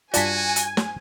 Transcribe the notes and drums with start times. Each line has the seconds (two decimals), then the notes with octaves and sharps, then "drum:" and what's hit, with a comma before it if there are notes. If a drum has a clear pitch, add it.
0.14 G2 F4 F#4 D5 G#5 A5 B6, drum: hi-hat
0.56 drum: hi-hat
0.77 drum: snare